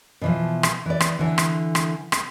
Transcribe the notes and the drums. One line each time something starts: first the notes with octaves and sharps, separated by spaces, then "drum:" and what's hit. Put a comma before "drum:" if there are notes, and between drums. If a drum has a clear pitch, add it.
B2 E3 F3
drum: rim click
E3 D5
drum: rim click
D3 E3
drum: rim click
drum: rim click
drum: rim click